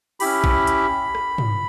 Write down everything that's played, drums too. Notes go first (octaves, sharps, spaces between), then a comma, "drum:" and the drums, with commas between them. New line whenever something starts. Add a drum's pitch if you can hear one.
C#4 E4 G4 B5, drum: open hi-hat
drum: kick A1
drum: hi-hat
drum: rim click
drum: tom